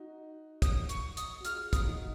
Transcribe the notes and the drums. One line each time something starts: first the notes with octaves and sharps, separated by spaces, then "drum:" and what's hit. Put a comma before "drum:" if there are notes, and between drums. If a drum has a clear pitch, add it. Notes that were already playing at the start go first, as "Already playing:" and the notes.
Already playing: D#4 F#4
D#6, drum: kick, hi-hat
C#6, drum: hi-hat
D#6, drum: hi-hat
F#4
F4 G#4 F6, drum: hi-hat
D#6, drum: kick, hi-hat
D#4 F#4